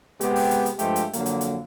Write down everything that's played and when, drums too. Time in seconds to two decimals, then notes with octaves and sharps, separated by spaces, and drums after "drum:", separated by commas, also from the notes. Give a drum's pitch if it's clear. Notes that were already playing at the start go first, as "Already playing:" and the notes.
0.21 C3 G#3 B3 G4, drum: hi-hat
0.36 drum: open hi-hat
0.51 drum: hi-hat
0.66 drum: hi-hat
0.79 G2 F3 G#3 A3 G4 C5, drum: hi-hat
0.96 drum: hi-hat
1.13 F2 D3 F#3 A#3, drum: hi-hat
1.26 drum: hi-hat
1.41 drum: hi-hat